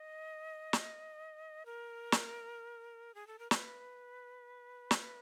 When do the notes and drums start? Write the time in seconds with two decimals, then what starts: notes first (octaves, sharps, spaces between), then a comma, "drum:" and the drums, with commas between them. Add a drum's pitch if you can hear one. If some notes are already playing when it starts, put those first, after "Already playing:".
Already playing: D#5
0.73 drum: snare
1.66 A#4
2.12 drum: snare
3.15 G#4
3.27 A4
3.39 A#4
3.51 B4, drum: snare
4.91 drum: snare